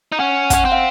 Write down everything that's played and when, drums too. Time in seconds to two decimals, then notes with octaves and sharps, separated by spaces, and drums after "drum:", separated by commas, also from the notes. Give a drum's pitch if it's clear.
0.12 D#4
0.19 C#4 F#5
0.50 C#4 F#5, drum: kick, hi-hat
0.65 C4
0.72 F5